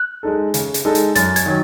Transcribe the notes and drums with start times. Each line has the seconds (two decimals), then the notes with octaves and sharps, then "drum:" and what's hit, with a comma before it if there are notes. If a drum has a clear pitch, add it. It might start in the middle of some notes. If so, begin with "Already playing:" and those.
Already playing: F#6
0.23 G#3 D#4 A4
0.54 C#3, drum: hi-hat
0.74 drum: hi-hat
0.85 G#3 D#4 A4
0.95 drum: hi-hat
1.15 F#2 A6, drum: hi-hat
1.36 G#6, drum: hi-hat
1.46 D#3 F#3